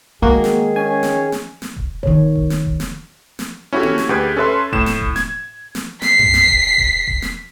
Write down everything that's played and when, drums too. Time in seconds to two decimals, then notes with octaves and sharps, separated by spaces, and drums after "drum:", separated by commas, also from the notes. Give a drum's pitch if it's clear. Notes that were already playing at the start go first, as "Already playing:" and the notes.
0.22 D#3 G#3 A#3 F#4 G#4
0.44 drum: snare
0.76 C#4 G#5
1.03 drum: snare
1.32 drum: snare
1.62 drum: snare
1.77 drum: kick E1
2.03 D#3 C#5, drum: kick E1
2.36 drum: kick E1
2.50 drum: snare
2.65 drum: kick E1
2.80 drum: snare
3.39 drum: snare
3.73 C#4 E4 F#4 G4 A4
3.83 drum: tom A#3
3.98 drum: snare
4.09 D2 G4 G#4 B4 G#6
4.36 C#4 A4 B4 E5 C6
4.72 A2 E7, drum: kick E1
4.86 drum: snare
5.01 drum: kick E1
5.16 G#6, drum: snare
5.75 drum: snare
6.02 B6 C7, drum: snare
6.19 drum: tom F#2
6.34 drum: snare
6.49 drum: kick E1
6.78 drum: kick E1
7.08 drum: kick E1
7.22 drum: snare